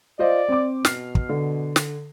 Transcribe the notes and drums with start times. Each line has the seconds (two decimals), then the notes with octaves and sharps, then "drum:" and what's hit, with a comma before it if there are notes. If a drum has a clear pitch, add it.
0.19 F4 C5 D5 D#5
0.49 C4 D6
0.85 B2 F6 C7, drum: snare
1.15 drum: kick
1.29 D3
1.76 drum: snare